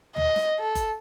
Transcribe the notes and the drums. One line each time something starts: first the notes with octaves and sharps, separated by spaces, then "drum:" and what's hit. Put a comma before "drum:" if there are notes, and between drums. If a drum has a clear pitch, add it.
D#5, drum: tom
drum: snare
A4
drum: kick F#1, hi-hat